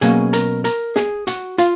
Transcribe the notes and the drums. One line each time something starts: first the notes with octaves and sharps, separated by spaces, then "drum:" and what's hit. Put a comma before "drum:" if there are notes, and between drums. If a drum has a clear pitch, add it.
B2 F#3 A#3 C#4 G#4 G#5, drum: hi-hat
A#4 A#5, drum: hi-hat
A#4 A#5, drum: hi-hat
G#4 G#5, drum: snare
F#4 F#5, drum: hi-hat
F4 F5, drum: hi-hat